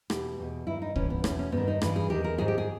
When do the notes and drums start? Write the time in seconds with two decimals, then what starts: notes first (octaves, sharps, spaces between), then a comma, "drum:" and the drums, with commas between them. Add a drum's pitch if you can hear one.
0.10 E2 B2 G4, drum: rim click
0.38 E2 B2
0.67 G2 D#3 E4
0.82 D#4
0.96 G2 E3 C#4, drum: kick
1.10 B3
1.24 E2 B2 C#4, drum: rim click
1.39 C#4
1.52 G2 D#3 B3
1.68 D#4
1.82 G2 E3, drum: rim click
1.96 G#4
2.10 E2 D#3 G4
2.24 A#4
2.38 G#2 D#3 G#4
2.48 G4
2.58 G#4